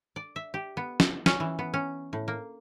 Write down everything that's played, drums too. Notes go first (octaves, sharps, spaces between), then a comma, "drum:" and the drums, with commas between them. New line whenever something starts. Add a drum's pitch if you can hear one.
D5
E5
G4
B3
drum: snare
C#4, drum: snare
E3
B3
C#4
A2
A#3